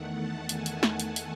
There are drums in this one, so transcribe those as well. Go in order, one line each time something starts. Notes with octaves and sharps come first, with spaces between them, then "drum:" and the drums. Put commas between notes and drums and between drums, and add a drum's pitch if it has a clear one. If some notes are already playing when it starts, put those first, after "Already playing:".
Already playing: E2 D#3 A3 F#5
A5
G#5, drum: hi-hat
drum: hi-hat
drum: snare
drum: hi-hat
drum: hi-hat